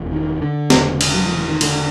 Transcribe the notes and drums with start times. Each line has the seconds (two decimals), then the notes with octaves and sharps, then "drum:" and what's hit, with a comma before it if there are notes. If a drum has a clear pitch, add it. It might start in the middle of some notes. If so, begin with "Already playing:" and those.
Already playing: F1 E2 B2
0.12 D#3
0.41 D3
0.70 E1 E2 C#3, drum: snare
1.01 drum: cymbal
1.15 F#3
1.26 F3
1.37 E3
1.49 D#3
1.61 D3, drum: cymbal